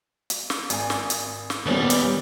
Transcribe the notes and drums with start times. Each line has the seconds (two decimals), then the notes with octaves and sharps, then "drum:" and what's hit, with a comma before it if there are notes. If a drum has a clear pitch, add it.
0.30 drum: hi-hat
0.50 drum: snare
0.70 G#1 G#5, drum: hi-hat
0.90 drum: snare
1.10 drum: hi-hat
1.50 drum: snare
1.66 D#2 A#2 G3 B3 C#4 D4
1.90 drum: hi-hat